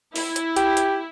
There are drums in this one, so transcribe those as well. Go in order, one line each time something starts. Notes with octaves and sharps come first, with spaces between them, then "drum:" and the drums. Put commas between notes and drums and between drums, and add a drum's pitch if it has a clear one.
E4, drum: open hi-hat
drum: hi-hat
G4, drum: hi-hat
drum: hi-hat